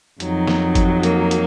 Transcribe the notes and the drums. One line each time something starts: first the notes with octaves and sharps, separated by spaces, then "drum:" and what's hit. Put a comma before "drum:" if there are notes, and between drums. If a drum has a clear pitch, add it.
F2 D#3 F#3, drum: hi-hat
drum: snare
drum: kick G1, hi-hat
A#3, drum: hi-hat
drum: hi-hat